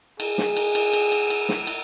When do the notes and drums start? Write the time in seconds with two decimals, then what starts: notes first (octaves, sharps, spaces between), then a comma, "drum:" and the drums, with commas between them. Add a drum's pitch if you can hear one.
0.20 G#4, drum: cymbal
0.38 drum: snare
0.57 drum: cymbal
0.75 drum: cymbal
0.93 drum: cymbal
1.12 drum: cymbal
1.30 drum: cymbal
1.49 drum: snare
1.67 drum: cymbal